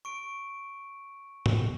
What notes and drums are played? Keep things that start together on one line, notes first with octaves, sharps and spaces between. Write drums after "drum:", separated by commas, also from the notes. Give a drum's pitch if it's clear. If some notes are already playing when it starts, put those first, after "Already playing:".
C#6 D7
drum: tom